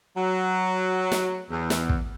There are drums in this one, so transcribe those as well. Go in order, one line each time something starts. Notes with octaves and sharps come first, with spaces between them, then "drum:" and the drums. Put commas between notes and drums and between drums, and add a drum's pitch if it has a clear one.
F#3
drum: snare
E2
drum: snare
drum: kick